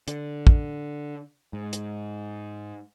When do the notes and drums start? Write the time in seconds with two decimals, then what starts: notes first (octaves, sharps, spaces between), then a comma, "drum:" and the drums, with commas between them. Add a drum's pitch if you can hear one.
0.08 D3, drum: hi-hat
0.47 drum: kick
1.53 G#2
1.73 drum: hi-hat